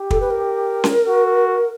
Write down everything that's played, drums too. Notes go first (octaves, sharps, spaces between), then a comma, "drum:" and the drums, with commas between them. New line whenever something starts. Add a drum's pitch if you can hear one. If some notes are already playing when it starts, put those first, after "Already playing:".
Already playing: G4
A4, drum: kick
B4
A#4
drum: snare C#4
F#4